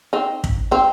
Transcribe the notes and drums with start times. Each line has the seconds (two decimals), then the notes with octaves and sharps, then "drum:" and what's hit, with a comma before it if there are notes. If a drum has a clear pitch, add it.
0.13 C4 D#4
0.44 drum: kick
0.71 C4 D#4